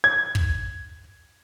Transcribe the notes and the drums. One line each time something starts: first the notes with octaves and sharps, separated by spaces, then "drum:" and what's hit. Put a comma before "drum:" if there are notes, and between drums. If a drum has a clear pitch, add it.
G#6
drum: kick